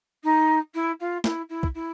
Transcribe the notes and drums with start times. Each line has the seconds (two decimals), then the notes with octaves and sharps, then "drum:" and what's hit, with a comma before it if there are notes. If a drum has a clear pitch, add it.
0.23 D#4
0.74 E4
1.00 F4
1.24 E4, drum: snare
1.49 E4
1.63 drum: kick
1.74 E4